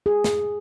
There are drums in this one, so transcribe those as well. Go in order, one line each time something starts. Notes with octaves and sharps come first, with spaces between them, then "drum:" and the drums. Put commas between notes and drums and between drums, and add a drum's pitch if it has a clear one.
G#4
drum: snare